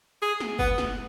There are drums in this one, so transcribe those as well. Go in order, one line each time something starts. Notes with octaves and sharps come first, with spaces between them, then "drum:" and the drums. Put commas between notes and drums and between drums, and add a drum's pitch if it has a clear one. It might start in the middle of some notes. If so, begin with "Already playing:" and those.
G#4
drum: snare
B3, drum: kick
drum: snare